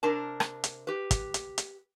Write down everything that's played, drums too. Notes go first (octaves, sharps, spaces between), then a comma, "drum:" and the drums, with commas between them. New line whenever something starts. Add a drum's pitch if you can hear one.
C3 D4 A#4 A5
drum: rim click
drum: hi-hat
G4 B4
drum: kick, hi-hat
drum: hi-hat
drum: hi-hat